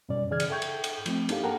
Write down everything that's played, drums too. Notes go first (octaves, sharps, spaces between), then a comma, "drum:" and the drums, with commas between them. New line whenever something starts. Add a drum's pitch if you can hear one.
F#2 B2 G3 C#4 D5
C#3 E3 G#4 D5 F6 G#6
drum: cymbal
A4 E5 G5 C#6 G6 G#6
drum: cymbal
drum: cymbal
F3 A3 C4, drum: cymbal
A#3 D4 D#4 G4 A4 F5, drum: cymbal
A4 A#4 F#5 G5 A5 A#5